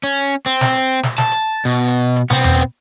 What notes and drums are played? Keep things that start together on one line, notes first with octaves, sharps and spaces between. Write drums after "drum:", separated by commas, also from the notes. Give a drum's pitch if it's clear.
C#4
C4, drum: hi-hat
drum: snare
drum: hi-hat
drum: snare
A5, drum: snare
drum: hi-hat
B2
drum: hi-hat
drum: hi-hat
B3 C4, drum: tom
drum: tom E2